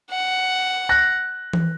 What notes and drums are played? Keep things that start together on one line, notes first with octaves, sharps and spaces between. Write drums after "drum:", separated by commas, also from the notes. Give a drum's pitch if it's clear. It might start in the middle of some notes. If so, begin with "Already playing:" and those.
F#5
F#6 A#6
drum: tom E3